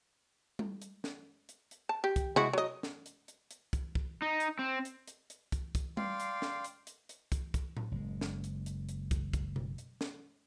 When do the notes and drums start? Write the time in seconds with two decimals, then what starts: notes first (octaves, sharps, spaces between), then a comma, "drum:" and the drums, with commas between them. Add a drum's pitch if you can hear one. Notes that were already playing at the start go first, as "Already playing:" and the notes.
0.59 drum: tom G3
0.82 drum: hi-hat
1.04 drum: snare
1.49 drum: hi-hat
1.71 drum: hi-hat
1.89 A5
2.04 G4
2.16 drum: kick, hi-hat
2.36 G#3 E4 F#4, drum: tom C3
2.53 F#3 D#5
2.83 drum: snare
3.06 drum: hi-hat
3.28 drum: hi-hat
3.51 drum: hi-hat
3.73 drum: kick, hi-hat
3.95 drum: kick
4.22 D#4
4.40 drum: hi-hat
4.59 C4
4.85 drum: hi-hat
5.08 drum: hi-hat
5.30 drum: hi-hat
5.52 drum: kick, hi-hat
5.75 drum: kick, hi-hat
5.97 D5 F5 G5 C6, drum: tom G3
6.20 drum: hi-hat
6.42 drum: snare
6.64 drum: hi-hat
6.87 drum: hi-hat
7.09 drum: hi-hat
7.32 drum: kick, hi-hat
7.54 drum: kick, hi-hat
7.77 drum: tom A2
7.92 F#1 G#3
8.21 drum: snare
8.44 drum: hi-hat
8.66 drum: hi-hat
8.89 drum: hi-hat
9.11 drum: kick, hi-hat
9.33 drum: kick, hi-hat
9.56 drum: tom B2
9.78 drum: hi-hat
10.01 drum: snare